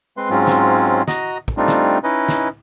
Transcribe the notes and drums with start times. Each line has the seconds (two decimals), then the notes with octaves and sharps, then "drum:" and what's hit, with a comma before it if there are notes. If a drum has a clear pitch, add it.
0.17 G#3 C4 B4 C6
0.30 G#2 F#3 G#3 C4 C#4 F4
0.47 drum: snare
1.08 F#4 D#5 A#5 D#6, drum: snare
1.48 drum: kick
1.57 G3 A3 C4 D4 D#4 F4
1.68 drum: snare
2.04 C#4 D#4 E4 B4 D#5
2.29 drum: snare